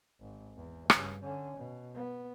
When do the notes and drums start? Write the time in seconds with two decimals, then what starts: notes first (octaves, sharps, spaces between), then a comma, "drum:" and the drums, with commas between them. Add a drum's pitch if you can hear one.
0.21 G#1
0.56 E2
0.90 G2 C#3, drum: rim click
1.22 D3 C#4
1.58 B2
1.95 B3